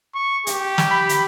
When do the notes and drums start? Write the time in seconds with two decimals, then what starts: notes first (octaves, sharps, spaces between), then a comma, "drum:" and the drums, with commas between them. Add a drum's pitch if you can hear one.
0.15 C#6
0.47 G4, drum: hi-hat
0.78 drum: snare
0.90 B5
1.09 drum: hi-hat